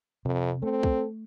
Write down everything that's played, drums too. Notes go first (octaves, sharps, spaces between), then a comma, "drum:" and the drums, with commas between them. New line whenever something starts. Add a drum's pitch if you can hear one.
F2 C3
A3 C4 A4
drum: kick